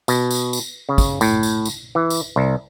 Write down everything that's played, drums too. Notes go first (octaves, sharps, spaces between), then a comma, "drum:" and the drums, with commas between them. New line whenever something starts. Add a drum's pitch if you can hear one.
B2, drum: tambourine
drum: tambourine
drum: tambourine
C#3
drum: kick, tambourine
A2, drum: tambourine
drum: tambourine
drum: tambourine
E3
drum: tambourine
C2